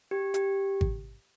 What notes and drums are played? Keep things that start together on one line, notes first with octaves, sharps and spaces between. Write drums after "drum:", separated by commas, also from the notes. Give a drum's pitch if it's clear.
G4
G4, drum: hi-hat
drum: kick G#1